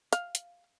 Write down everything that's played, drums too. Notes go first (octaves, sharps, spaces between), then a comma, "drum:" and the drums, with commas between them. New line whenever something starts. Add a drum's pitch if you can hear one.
F5, drum: hi-hat
drum: hi-hat